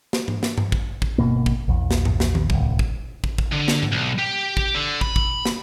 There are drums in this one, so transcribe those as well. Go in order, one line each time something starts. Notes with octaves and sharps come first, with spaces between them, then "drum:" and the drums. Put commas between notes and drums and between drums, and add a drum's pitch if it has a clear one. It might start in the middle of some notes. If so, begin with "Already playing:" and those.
drum: snare
drum: tom G#2
drum: snare
drum: tom G2
drum: kick
drum: kick
G1 E2 B2 A#3
drum: kick
A#1 E2
drum: snare
drum: tom G2
drum: snare
drum: tom D#3
D1 C2, drum: kick
drum: kick
drum: kick
drum: kick
D3
drum: snare
drum: tom G#2
B1
G4
drum: kick
D3
B5, drum: kick
drum: kick
drum: snare